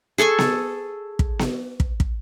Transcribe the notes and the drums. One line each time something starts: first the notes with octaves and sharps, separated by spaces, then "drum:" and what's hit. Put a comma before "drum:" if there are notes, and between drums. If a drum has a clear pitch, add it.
G#4 A4 G#5 C#6
drum: snare B3
drum: kick
drum: snare B3
drum: kick
drum: kick